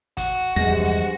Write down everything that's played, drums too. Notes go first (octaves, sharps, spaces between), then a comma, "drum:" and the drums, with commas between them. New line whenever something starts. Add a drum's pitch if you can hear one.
F#4, drum: kick, hi-hat
E2 G2 C3 F3 G3 G#3 A#6
drum: hi-hat